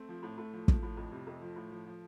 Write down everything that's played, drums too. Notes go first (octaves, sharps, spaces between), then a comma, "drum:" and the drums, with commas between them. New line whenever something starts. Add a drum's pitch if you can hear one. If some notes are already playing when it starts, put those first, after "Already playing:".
Already playing: A3 C4
F3
A2
A2 A3
F3
F3, drum: kick
A2
F2
C3 G3
F2 A3
F3
A2
F3
F3